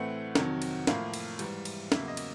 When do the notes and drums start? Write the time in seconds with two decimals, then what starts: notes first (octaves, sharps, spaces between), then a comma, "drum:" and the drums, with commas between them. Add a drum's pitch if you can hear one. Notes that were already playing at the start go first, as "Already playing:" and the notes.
Already playing: A2 E3 A3 C4 F#5
0.35 F2 C3 D#3 F#3, drum: snare
0.62 drum: cymbal
0.87 A2 F3 A#3 F5, drum: snare
1.13 drum: cymbal
1.39 G#2 E3 G3, drum: cymbal
1.65 drum: cymbal
1.92 E2 C#3 F#3 A#3 E5, drum: snare
2.08 D#5
2.17 drum: cymbal